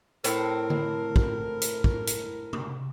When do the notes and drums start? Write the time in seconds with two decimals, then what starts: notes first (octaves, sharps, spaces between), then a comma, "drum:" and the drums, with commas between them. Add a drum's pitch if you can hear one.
0.24 A2 C4 A#4, drum: hi-hat
0.70 drum: tom D3
1.16 drum: kick
1.61 drum: hi-hat
1.84 drum: kick
2.07 drum: hi-hat
2.53 drum: tom C3